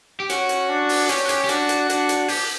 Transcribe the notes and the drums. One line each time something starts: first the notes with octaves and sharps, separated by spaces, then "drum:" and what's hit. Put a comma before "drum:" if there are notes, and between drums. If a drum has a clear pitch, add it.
G4
C#4 F#4, drum: hi-hat
drum: hi-hat
D4
drum: open hi-hat
C#4 G4, drum: hi-hat
F#4
G4, drum: hi-hat
G4
D4 F#4, drum: hi-hat
drum: hi-hat
D4, drum: hi-hat
drum: hi-hat
G4, drum: open hi-hat